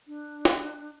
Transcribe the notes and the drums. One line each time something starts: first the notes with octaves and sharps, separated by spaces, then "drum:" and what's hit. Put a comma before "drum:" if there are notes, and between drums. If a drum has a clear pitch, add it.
D4
drum: snare